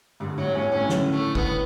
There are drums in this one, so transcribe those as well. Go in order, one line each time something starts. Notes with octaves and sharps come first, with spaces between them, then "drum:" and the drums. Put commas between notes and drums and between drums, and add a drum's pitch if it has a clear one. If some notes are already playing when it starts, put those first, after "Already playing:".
G2 D3
A2 F#3
A2 C#4
A2 C#4
D3, drum: snare
A3
B3, drum: kick